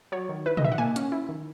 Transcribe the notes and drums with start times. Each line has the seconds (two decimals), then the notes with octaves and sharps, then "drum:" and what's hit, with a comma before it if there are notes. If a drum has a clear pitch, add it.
0.12 F#3 C#5
0.29 D#3
0.46 E4 B4
0.57 D#5, drum: tom
0.61 D#3 E5
0.72 F#5
0.78 A#3 G#5
0.96 C#4, drum: hi-hat
1.12 E4
1.29 D#3